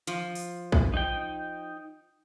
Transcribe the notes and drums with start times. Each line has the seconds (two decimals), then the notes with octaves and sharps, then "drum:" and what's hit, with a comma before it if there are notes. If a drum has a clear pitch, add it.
0.07 F3, drum: hi-hat
0.35 drum: open hi-hat
0.72 drum: kick
0.94 D#4 G5